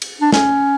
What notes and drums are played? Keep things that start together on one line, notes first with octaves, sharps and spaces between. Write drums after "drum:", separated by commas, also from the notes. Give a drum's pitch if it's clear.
drum: cymbal
D4
C#4, drum: snare